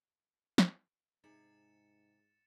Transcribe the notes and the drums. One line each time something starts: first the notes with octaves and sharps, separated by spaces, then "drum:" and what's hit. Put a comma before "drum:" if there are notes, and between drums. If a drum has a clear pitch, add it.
drum: snare
G#2 C3 D#4 G#4 A6 C#7 E7